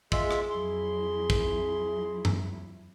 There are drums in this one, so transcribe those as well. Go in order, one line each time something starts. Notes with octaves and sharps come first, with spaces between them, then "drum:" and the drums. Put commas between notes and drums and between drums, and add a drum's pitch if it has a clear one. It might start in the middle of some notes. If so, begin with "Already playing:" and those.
G#3 F4 G#4 E5, drum: kick
drum: rim click
F2 F#3 E4 C6
drum: kick
drum: tom F#2